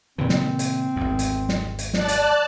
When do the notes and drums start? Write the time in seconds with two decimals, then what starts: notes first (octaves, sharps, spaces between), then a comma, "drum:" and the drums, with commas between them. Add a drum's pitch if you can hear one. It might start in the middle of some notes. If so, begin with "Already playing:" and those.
0.18 A#2 C#3 E3 C4
0.29 drum: snare
0.59 drum: hi-hat
0.96 G#1 E2
1.19 drum: hi-hat
1.49 drum: snare
1.79 drum: hi-hat
1.94 D5 A5 F#6, drum: snare
2.08 drum: hi-hat